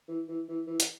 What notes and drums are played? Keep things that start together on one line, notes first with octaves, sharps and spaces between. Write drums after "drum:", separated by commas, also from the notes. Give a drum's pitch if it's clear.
E3
E3
E3
E3
drum: hi-hat